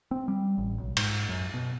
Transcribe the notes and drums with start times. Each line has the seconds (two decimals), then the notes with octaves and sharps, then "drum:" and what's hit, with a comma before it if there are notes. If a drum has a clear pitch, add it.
0.11 C4
0.28 G3
0.58 A1
0.79 B1
0.97 G#2, drum: cymbal
1.29 F#2
1.54 B2